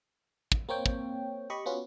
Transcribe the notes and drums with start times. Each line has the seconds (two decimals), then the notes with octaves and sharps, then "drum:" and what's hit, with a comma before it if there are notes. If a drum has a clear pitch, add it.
0.52 drum: kick
0.69 A#3 C4 C#5 G5
0.86 drum: kick
1.50 G4 D#5 B5 C#6
1.66 B3 C#4 F4 F#4